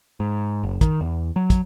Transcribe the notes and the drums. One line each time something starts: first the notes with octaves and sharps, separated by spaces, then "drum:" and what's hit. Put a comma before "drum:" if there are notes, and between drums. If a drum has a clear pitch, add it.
G#2
F#1
D#3, drum: kick, hi-hat
E2
F#3
drum: kick, hi-hat